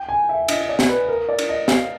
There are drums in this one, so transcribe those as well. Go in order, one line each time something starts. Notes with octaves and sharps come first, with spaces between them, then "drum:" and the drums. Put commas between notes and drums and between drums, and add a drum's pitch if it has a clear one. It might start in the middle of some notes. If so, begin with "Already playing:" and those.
Already playing: G5
G#5
E5
D#5, drum: cymbal
D5
drum: snare
B4
A#4
D5
drum: cymbal
D#5
F5, drum: snare